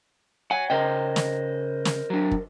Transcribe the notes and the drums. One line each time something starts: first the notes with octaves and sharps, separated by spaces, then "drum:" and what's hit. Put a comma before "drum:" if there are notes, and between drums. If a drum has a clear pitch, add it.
C#5 F#5 G#5
C#3 A#4 C5 D#5 G5
drum: snare
drum: snare
F#3 D4
drum: kick